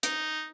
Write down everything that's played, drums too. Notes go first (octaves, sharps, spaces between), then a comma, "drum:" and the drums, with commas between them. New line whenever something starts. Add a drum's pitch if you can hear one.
D#4, drum: hi-hat